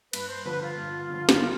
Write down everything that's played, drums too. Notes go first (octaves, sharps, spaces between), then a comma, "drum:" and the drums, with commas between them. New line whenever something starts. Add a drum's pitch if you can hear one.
G2 B4, drum: cymbal
C5
D3 F3 B4
F4
G2
D3 F3
drum: snare
G3